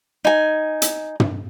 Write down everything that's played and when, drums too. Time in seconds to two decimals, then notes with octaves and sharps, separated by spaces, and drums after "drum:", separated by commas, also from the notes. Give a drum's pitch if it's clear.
0.25 D#4 G#5
0.82 drum: hi-hat
1.20 drum: tom